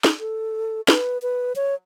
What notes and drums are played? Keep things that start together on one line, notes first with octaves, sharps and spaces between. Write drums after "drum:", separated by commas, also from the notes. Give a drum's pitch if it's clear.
drum: snare
A4
B4, drum: snare
B4
C#5